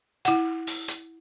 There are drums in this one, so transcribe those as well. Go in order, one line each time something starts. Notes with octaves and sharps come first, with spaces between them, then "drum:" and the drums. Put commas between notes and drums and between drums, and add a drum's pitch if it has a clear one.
E4 F#5, drum: hi-hat
drum: open hi-hat
drum: hi-hat